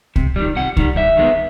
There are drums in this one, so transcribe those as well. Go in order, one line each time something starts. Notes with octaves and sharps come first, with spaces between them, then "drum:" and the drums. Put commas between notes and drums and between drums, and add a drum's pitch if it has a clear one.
C3, drum: kick C2
D#3 G3
C3 F#5
D#3 G3, drum: kick C2
G2 E5
D#3 G#3 B3